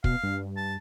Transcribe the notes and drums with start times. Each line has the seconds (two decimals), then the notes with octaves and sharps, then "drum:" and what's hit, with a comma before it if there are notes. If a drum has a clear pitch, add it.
0.04 B2 F5, drum: kick
0.23 G2
0.57 A5